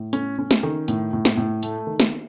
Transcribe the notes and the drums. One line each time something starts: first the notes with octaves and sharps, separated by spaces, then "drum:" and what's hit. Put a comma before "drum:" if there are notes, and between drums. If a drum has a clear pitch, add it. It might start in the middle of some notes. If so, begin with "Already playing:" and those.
Already playing: A2
C#4, drum: hi-hat
C#4
drum: snare
D#3
A2, drum: hi-hat
A2
drum: snare
A2
A3, drum: hi-hat
D#3
drum: snare